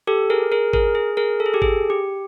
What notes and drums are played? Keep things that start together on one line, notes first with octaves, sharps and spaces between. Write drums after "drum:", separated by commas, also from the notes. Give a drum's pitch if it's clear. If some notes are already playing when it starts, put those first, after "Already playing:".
G4 A4
G#4 A#4
G#4 A#4
G#4 A#4, drum: kick
G#4
G#4 A#4
A4
G#4
G4 A4
G#4, drum: kick
G4